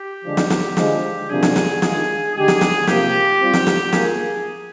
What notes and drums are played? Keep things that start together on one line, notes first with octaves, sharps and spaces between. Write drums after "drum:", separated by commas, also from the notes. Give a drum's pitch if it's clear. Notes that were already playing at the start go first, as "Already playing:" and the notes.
Already playing: G4
D3 F3 G#3 D4
drum: snare
drum: snare
D3 F3 G#3, drum: snare
C3 F3 A#3 D4 G#4
drum: snare
drum: snare
D#3 G#3 D4 F4 G#4, drum: snare
D3 G#3 D#4 G4 G#4
drum: snare
drum: snare
C3 F3 A#3 G4, drum: snare
G3 C4 F4
drum: snare
drum: snare
A#3 F4 G#4 A#4, drum: snare